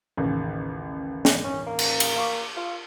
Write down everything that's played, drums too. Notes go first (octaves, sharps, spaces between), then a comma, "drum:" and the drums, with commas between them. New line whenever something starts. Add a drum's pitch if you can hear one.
A1 D#2 C#3
drum: snare
C#4
A#3
drum: cymbal
drum: cymbal
F5 C#6 D6
F4